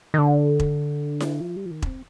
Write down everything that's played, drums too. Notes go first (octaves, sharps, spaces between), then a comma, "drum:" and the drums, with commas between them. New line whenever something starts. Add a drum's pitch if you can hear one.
D#3
D3
drum: kick E1
drum: snare E4
F3
G3
F3
D#3
D4, drum: kick E1
C4